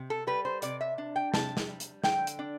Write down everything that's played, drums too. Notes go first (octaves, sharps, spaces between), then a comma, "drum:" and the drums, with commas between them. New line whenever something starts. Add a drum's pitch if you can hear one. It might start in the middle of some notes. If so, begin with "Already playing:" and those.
Already playing: C3
A4
G3 B4
C5
C3 D5, drum: hi-hat
E5
D4
G5
C3 A5, drum: snare
drum: snare
G3
drum: hi-hat
D3 G5, drum: snare
drum: hi-hat
D4